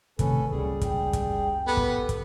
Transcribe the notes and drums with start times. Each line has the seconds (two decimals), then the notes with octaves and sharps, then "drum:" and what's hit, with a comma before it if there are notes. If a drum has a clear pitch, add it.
0.19 C3 D#3 A3 C#4 A4 B4, drum: kick, hi-hat
0.51 F#1 C#2 C#3 G3 G#4
0.81 G5, drum: kick, hi-hat
1.13 drum: kick, hi-hat
1.67 B3 G4 A4 B4
1.77 drum: kick
2.09 drum: kick, hi-hat